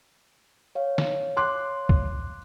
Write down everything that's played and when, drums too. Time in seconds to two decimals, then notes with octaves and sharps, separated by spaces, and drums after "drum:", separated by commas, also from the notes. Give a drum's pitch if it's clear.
0.75 C#5 F5
0.98 drum: snare
1.37 C6 D6 F#6
1.89 drum: kick C2